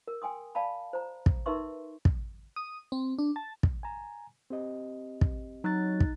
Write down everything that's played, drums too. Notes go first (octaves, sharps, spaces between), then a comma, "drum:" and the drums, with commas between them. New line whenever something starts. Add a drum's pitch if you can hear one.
A#4
G5 G#5 C6 D#6
D5 F5 A5 B5
C5 A#5
drum: kick
D#4 A#4 B4 E5 C6 C#6
drum: kick
D#6
C4
D4
A5
drum: kick
G#5 A#5
C4 G4 D#5
drum: kick
F#3 D#4 F#6 A6
drum: kick